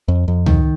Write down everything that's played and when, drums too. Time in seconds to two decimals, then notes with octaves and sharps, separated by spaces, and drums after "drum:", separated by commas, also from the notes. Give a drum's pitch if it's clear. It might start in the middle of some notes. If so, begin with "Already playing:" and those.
0.08 F2
0.28 F2
0.46 D#3, drum: tom C#2